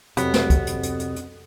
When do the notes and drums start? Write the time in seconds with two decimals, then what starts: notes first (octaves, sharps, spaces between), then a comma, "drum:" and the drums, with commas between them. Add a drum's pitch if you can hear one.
0.17 F2 C3 F#3 B3, drum: hi-hat
0.34 drum: snare
0.50 drum: kick, hi-hat
0.67 drum: hi-hat
0.83 drum: hi-hat
0.99 drum: hi-hat
1.16 drum: hi-hat